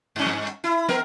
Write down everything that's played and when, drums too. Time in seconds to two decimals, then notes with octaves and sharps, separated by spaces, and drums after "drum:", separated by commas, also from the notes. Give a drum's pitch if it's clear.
0.16 G2 C#4
0.26 drum: snare
0.47 drum: hi-hat
0.64 E4
0.89 B3 A#4, drum: snare